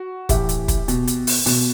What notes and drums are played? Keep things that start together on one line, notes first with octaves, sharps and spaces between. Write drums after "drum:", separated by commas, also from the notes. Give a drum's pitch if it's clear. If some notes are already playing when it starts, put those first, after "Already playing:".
Already playing: F#4
A2 E3 G4, drum: kick, hi-hat
drum: hi-hat
drum: kick, hi-hat
B2, drum: hi-hat
drum: hi-hat
drum: open hi-hat
B2, drum: open hi-hat